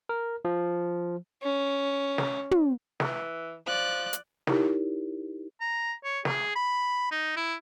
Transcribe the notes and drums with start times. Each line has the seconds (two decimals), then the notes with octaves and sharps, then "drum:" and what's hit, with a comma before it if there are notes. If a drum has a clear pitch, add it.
0.09 A#4
0.45 F3
1.43 C#4
2.18 drum: snare
2.51 drum: tom
3.00 E3, drum: snare
3.67 F3 D5 F#6
4.13 drum: hi-hat
4.47 D#4 E4 G4 A#4 C#5, drum: snare
5.61 A#5
6.04 C#5
6.25 G#4, drum: snare
6.55 B5
7.11 D#4
7.36 E4